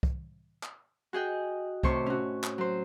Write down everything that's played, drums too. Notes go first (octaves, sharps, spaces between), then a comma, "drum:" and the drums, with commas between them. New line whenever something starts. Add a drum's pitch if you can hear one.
drum: kick C2
drum: clap
F#4 G#4 D#5 G5
A2 C3 A4 C5 C6 C#6, drum: kick C2
C#4 F#4
drum: clap
F#3 C5